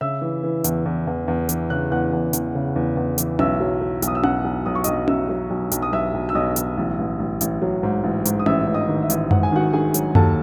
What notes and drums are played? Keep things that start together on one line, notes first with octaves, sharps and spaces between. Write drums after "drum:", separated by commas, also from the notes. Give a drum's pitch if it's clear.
C#3 E5 E6
E3
E3
E2, drum: hi-hat
E2
E2
E2
E3, drum: hi-hat
C#3 F#6
E2 F#5 F#6
E2
E2, drum: hi-hat
C#3
E2
E2
E3, drum: hi-hat
B1 E5 E6, drum: tom C#4
F#3
F#3
B1, drum: hi-hat
D#6
E6
B1 F#5 F#6, drum: tom C#4
B1
B1 D#6
C#6
B1 D#5 D#6, drum: hi-hat
F#3 E5 E6, drum: tom C#4
F#3
B1
B1, drum: hi-hat
D#6
B1 E5 E6
B1
E6
B1 D#5 D#6
B1, drum: hi-hat
A1
A1
A1
A1, drum: hi-hat
F#3
G#2
A1
G#2, drum: hi-hat
D#6
A1 E5 E6, drum: tom C#4
A1
D#5 D#6
D#3
E5
A1, drum: hi-hat
G#2 F#5, drum: tom F#2
G#5
D#3 F#4 F#5
D#3 G#4 G#5
F#3, drum: hi-hat
D#2 A4 A5, drum: tom F#2